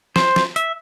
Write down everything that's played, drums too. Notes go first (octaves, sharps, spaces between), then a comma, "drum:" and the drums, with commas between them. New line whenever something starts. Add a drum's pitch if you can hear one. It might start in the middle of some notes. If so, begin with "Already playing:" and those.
C5, drum: snare
drum: snare
E5, drum: hi-hat